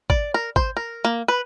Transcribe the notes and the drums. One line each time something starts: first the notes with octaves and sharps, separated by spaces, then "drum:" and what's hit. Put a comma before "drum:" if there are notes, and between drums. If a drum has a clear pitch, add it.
D5, drum: kick G#1
A#4
C5, drum: kick G#1
A#4
A#3
B4